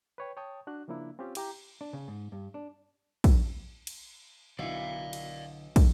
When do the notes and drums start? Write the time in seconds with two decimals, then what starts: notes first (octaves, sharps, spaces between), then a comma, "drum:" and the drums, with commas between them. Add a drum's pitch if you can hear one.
0.18 B4 C#5 G5
0.37 C#5 G5 A5 D#6
0.67 D4 F#4 F#6
0.88 C#3 F3 A#3 D4 E4
1.19 C4 C#4 F4 G4
1.35 E4 G4 A#5, drum: cymbal
1.81 D4
1.93 C#3
2.08 G#2
2.32 G2
2.54 D4
3.24 drum: kick, cymbal
3.87 drum: cymbal
4.59 B1 D3 E4 D5 F5
5.13 drum: cymbal
5.76 drum: kick, cymbal